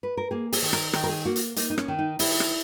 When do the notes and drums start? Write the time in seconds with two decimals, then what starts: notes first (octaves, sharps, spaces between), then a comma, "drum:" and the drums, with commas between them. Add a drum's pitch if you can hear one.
0.03 B4
0.17 A#4
0.31 A#3 G#4
0.52 G#4, drum: open hi-hat
0.62 D#3
0.73 A#4, drum: rim click
0.93 D#3 A#4, drum: rim click
1.04 A#4
1.09 G#4
1.25 A#3 F#4
1.36 drum: hi-hat
1.56 A#3 D#4, drum: hi-hat
1.70 D#4
1.78 C#4, drum: rim click
1.88 D#3
1.99 D#4
2.19 D#3 E4, drum: open hi-hat
2.40 drum: rim click